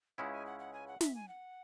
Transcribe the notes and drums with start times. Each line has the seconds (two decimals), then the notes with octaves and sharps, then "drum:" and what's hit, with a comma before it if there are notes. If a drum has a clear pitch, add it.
0.18 C#2 C#3 G#3 C#4 E4 F#5
0.32 G#5
0.46 F#5
0.59 F#5
0.74 G#5
0.87 F#5
1.01 E5, drum: snare
1.15 G#5
1.28 F#5